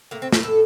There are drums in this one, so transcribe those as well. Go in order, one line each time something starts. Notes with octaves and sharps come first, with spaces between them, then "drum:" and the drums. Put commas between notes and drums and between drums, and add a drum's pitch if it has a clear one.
A2 A#3
C4
A2 A4, drum: snare
A4